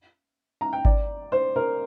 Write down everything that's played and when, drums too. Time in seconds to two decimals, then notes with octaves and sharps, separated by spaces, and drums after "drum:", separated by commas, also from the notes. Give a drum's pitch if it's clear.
0.61 A#5
0.73 G5
0.85 D5, drum: kick G#1
1.32 C5
1.56 A#4